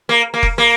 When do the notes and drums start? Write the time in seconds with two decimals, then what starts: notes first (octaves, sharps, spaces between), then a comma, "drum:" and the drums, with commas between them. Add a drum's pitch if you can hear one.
0.09 A#3
0.34 A#3
0.43 drum: kick F1
0.58 A#3